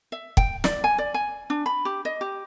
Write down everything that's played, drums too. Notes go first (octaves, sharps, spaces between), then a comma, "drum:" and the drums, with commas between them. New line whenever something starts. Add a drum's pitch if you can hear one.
E5
G5, drum: kick
D5, drum: snare
G#5
D5
G#5
D4
B5
G4
D#5
G4